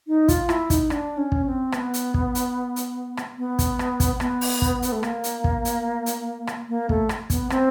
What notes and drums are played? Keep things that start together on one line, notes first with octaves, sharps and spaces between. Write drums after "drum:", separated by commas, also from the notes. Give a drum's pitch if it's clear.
D#4
F4, drum: kick, hi-hat
E4, drum: rim click
D#4, drum: kick, hi-hat
D4, drum: rim click
C#4
drum: kick
C4
B3, drum: rim click
drum: hi-hat
drum: kick
drum: hi-hat
drum: hi-hat
drum: rim click
B3
drum: kick, hi-hat
drum: rim click
drum: kick, hi-hat
B3, drum: rim click
drum: open hi-hat
drum: kick
drum: hi-hat
A3
A#3, drum: rim click
drum: hi-hat
drum: kick
drum: hi-hat
drum: hi-hat
drum: rim click
A#3
A3, drum: kick
drum: rim click
B3, drum: kick, hi-hat
C4, drum: rim click